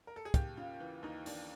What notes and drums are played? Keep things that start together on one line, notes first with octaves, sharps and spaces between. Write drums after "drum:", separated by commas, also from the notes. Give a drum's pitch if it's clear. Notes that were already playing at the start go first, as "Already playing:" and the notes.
A#4
A4
G#4
D#2 G4, drum: kick, hi-hat
C#3 F4
E3
D#2 D#4
D#2 D4, drum: open hi-hat